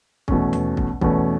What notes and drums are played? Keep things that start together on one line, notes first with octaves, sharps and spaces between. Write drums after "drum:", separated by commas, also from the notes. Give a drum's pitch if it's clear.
E2 B2 A3 C#4, drum: kick
drum: tom D#2
drum: kick
E2 B2 A3 C#4, drum: kick